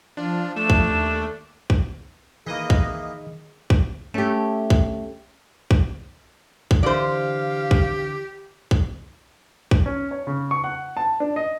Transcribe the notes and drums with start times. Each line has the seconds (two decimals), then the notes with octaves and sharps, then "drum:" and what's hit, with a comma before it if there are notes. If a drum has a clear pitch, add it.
0.17 F3 D4 F4
0.56 A3 D4 E7
0.70 drum: kick
0.88 D#2
1.70 drum: kick
2.47 D#3 E3 A#3 G#4 D#5
2.70 drum: kick
3.70 drum: kick
4.14 A3 C#4 G4
4.70 drum: kick
5.71 drum: kick
6.71 drum: kick
6.83 D3 E3 G4 C5 D5 F5
7.71 drum: kick
8.71 drum: kick
9.71 drum: kick
9.86 C#4
10.11 C#5
10.27 C#3
10.51 C#6
10.64 F#5
10.97 A5
11.20 D4
11.36 D#5